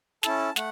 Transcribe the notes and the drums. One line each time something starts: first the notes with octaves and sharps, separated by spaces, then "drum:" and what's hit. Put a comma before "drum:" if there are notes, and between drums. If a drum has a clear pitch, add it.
C#4 E4 A4 A5, drum: snare
A3 F#5, drum: snare